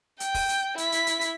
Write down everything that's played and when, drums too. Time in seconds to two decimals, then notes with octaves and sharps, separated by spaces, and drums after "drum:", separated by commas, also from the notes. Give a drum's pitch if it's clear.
0.20 G5, drum: hi-hat
0.34 drum: kick, open hi-hat
0.49 drum: hi-hat
0.78 E4 B6, drum: hi-hat
0.92 drum: hi-hat
1.07 drum: hi-hat
1.21 drum: hi-hat